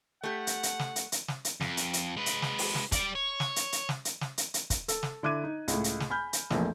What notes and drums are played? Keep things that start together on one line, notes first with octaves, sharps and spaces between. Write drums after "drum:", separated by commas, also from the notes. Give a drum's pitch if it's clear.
A3 G4 F#5
drum: hi-hat
drum: hi-hat
drum: snare
drum: hi-hat
drum: hi-hat
drum: snare
drum: hi-hat
F2, drum: snare
drum: hi-hat
drum: hi-hat
G#3 B4
drum: hi-hat
drum: snare
drum: open hi-hat
drum: snare
G3 D5, drum: kick, hi-hat
C#5
drum: snare
drum: hi-hat
drum: hi-hat
drum: snare
drum: hi-hat
drum: snare
drum: hi-hat
drum: hi-hat
drum: kick, hi-hat
A4, drum: hi-hat
drum: snare
D3 E4 D6 F#6 G#6 D#7
D#4
C#2 A2, drum: hi-hat
drum: hi-hat
drum: snare
G#5 B5 F6 G6
drum: hi-hat
A#1 F2 E3 A3 A#3, drum: snare